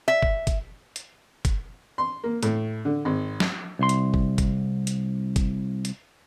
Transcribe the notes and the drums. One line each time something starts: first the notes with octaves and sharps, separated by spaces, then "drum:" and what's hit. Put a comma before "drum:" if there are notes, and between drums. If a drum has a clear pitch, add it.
E5
drum: kick
drum: kick, hi-hat
drum: hi-hat
drum: kick, hi-hat
C6
A#3
A2, drum: hi-hat
D3
G#1
drum: snare
C2 C6
drum: hi-hat
drum: kick
drum: kick, hi-hat
drum: hi-hat
drum: kick, hi-hat
drum: hi-hat